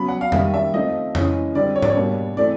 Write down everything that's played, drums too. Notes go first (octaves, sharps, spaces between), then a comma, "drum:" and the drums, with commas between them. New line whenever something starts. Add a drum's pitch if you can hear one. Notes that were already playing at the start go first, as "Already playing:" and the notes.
Already playing: C#3 F#3 B3 B5
F#5
F5
D#3 G3 A#3 E5, drum: tom F2
E5
F3 A3 C4 D#4 D#5
E3 G#3 C#4, drum: tom F2
D3 G3 C4 D5
C#5
D5, drum: tom G#2
C#5
B2 G3 A#3 D4
E3 A3 C4 D5